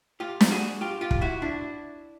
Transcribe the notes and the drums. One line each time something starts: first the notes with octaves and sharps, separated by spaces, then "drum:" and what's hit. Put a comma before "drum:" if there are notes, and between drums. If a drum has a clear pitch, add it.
F4 G4
drum: snare
F#4 G#4
F4 G4
F4 G4
drum: kick
E4 F#4
D4 E4